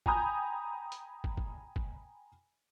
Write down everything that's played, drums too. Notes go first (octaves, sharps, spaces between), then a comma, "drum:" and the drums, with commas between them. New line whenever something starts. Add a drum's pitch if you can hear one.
G5 G#5 A#5 B5 D#6 G6, drum: kick
drum: hi-hat
drum: kick
drum: kick
drum: kick